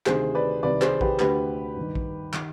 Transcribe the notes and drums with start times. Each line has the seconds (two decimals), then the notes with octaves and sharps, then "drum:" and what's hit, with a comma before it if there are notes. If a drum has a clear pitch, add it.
0.06 D2 C3 D#3 G#4 C5, drum: clap
0.35 B4 D5
0.63 C2 C3 D#3 B4 D5
0.82 G#4 C5, drum: clap
1.01 G4 B4, drum: kick A#1
1.19 D2 D3 G4 B4, drum: clap
1.76 G2 D#3
1.95 drum: kick A#1
2.33 D#3, drum: clap